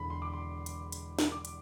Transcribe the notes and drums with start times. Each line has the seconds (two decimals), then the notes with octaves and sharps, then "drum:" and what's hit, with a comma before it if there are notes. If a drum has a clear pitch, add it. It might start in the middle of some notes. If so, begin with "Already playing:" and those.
Already playing: E1 E2 D3 B5
0.10 C6
0.22 D6
0.34 C6
0.66 drum: hi-hat
0.92 drum: hi-hat
1.19 drum: snare
1.32 D6
1.45 drum: hi-hat